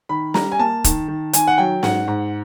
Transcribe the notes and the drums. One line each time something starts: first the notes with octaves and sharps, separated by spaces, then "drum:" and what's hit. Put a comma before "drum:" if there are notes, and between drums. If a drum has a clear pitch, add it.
D#3 B5
G3 A#5, drum: snare
G#5
A#3 A5
D#3, drum: kick, hi-hat
D#3
D#3 G#5, drum: hi-hat
F#5
F#3 G5
G#2 F#5, drum: snare
G#2